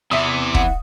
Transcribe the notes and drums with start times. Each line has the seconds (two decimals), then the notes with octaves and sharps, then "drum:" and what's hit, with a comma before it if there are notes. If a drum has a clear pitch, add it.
0.11 E2 C3 E3 E5 D#6
0.54 F#5, drum: kick